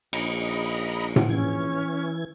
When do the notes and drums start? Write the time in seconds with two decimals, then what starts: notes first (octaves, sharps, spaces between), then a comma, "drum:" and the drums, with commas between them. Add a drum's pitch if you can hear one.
0.13 A#1 D#5 A#5 B5, drum: cymbal
1.16 drum: tom A2
1.30 E3 C#4 G#6